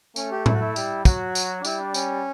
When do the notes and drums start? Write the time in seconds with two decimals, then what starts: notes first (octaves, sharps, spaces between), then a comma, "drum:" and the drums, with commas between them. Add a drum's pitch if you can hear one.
0.16 A3 C#4, drum: tambourine
0.31 G4
0.46 E4, drum: tom A2
0.53 F#4
0.60 E4
0.76 G3, drum: tambourine
1.05 F#3 F#4, drum: kick, tambourine
1.35 drum: tambourine
1.61 D4
1.65 G3 E4, drum: tambourine
1.80 D4
1.94 C#4, drum: tambourine